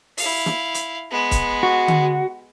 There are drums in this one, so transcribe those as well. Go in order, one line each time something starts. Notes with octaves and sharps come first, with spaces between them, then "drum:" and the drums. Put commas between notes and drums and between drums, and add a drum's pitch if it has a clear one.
E4 F5, drum: open hi-hat
drum: snare
drum: hi-hat
G#3 B3
drum: kick C#1, hi-hat
F#4
drum: tom D3